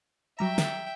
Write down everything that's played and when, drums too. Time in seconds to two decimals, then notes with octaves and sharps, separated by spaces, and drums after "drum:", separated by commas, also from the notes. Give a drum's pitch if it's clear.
0.39 F#3 G3 E5 G5 A#5
0.58 drum: snare